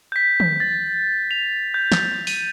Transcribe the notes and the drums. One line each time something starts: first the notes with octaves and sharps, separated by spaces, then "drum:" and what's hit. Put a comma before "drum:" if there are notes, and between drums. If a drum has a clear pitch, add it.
G6 B6
drum: tom
A6
F7
G6
drum: snare
D#7, drum: open hi-hat